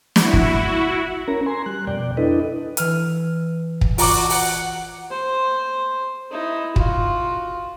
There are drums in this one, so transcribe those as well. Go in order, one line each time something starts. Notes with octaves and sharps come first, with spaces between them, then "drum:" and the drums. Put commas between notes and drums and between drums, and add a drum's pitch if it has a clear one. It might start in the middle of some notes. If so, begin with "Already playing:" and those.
E4 F#4, drum: snare
drum: kick
C#4 A#4 A#5
G#5 A#5 C6
G3 F#6
F2 B2 D5 G5
D4 E4 A4 B4 D#5
E3 F6 D#7, drum: hi-hat
drum: kick
F4 F#4 D5 A#5 D6, drum: open hi-hat
F#5, drum: open hi-hat
C5
D#4 E4
F4 F#4, drum: kick